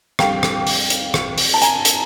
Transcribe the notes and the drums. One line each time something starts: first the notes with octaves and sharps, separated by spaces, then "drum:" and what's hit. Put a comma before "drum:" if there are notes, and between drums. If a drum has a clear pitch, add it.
F2 D3 G3 F5 G5, drum: rim click
drum: rim click
drum: open hi-hat
drum: hi-hat
drum: rim click
drum: open hi-hat
A5
G#5 A#5, drum: hi-hat
drum: hi-hat